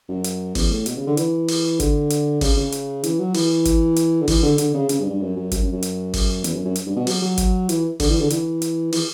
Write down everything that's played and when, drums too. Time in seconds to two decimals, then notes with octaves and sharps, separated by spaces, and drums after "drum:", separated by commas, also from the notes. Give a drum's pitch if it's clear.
0.08 F#2
0.24 drum: hi-hat
0.55 E2, drum: kick G1, open hi-hat
0.71 A2
0.86 B2, drum: hi-hat
0.96 C#3
1.07 D3
1.17 E3, drum: hi-hat
1.48 drum: open hi-hat
1.80 D3, drum: kick G1, hi-hat
2.10 drum: hi-hat
2.41 C#3, drum: kick G1, open hi-hat
2.57 C#3
2.72 drum: hi-hat
3.04 E3, drum: hi-hat
3.19 F#3
3.34 E3, drum: open hi-hat
3.65 drum: kick G1, hi-hat
3.96 drum: hi-hat
4.22 D3
4.28 E3, drum: kick G1, open hi-hat
4.43 D3
4.58 D3, drum: hi-hat
4.74 C#3
4.89 C#3, drum: hi-hat
5.00 G2
5.10 G2
5.21 F#2
5.36 F#2
5.52 F#2, drum: kick G1, hi-hat
5.62 F#2
5.72 F#2
5.82 drum: hi-hat
6.13 drum: kick G1, open hi-hat
6.44 E2, drum: hi-hat
6.54 F#2
6.65 F#2
6.76 drum: hi-hat
6.86 G2
6.96 B2
7.07 F#3, drum: open hi-hat
7.22 F#3
7.38 drum: kick G1, hi-hat
7.69 E3, drum: hi-hat
8.00 D3, drum: kick G1, open hi-hat
8.10 E3
8.20 D3
8.30 E3, drum: hi-hat
8.62 drum: hi-hat
8.92 E3, drum: open hi-hat